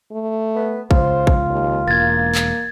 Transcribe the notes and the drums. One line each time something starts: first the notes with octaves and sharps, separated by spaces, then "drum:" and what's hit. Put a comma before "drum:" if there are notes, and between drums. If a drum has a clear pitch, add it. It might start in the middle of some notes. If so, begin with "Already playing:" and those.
A3
B3
C#2 F4 C5, drum: kick
drum: kick
D#2
E1 A#3 G#6 A6
drum: clap